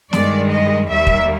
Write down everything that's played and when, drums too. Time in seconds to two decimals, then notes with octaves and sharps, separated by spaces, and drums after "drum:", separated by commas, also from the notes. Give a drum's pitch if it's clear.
0.13 G2 D#3 G#3 D5, drum: snare
0.51 D#5
0.90 D#2 D#3 G3 A#3 E5
1.07 drum: kick